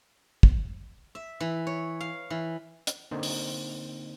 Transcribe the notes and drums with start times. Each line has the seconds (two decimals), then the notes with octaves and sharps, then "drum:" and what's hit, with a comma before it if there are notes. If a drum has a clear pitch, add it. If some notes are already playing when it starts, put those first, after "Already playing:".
0.43 drum: kick
1.15 E5
1.40 E3
1.67 C#5
2.00 F5
2.30 E3
2.87 drum: hi-hat
3.11 D3 A#3 C4 D#4 C5
3.23 drum: open hi-hat